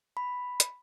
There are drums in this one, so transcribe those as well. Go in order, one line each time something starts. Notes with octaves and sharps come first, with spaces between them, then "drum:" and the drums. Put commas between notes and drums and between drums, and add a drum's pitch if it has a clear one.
B5
drum: hi-hat